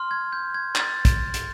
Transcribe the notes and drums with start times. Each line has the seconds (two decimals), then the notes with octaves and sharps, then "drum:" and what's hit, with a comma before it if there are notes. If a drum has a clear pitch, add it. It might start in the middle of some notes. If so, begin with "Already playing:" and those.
Already playing: C6 F6
0.11 G#6
0.33 G6
0.54 G#6
0.75 A6, drum: clap
1.05 drum: kick, hi-hat
1.34 drum: hi-hat